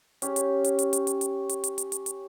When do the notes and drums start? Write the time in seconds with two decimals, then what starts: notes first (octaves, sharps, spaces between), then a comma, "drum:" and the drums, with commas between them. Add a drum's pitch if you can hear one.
0.22 C#4 G4, drum: hi-hat
0.36 drum: hi-hat
0.64 drum: hi-hat
0.79 drum: hi-hat
0.93 drum: hi-hat
1.07 drum: hi-hat
1.21 drum: hi-hat
1.49 drum: hi-hat
1.64 drum: hi-hat
1.78 drum: hi-hat
1.92 drum: hi-hat
2.06 drum: hi-hat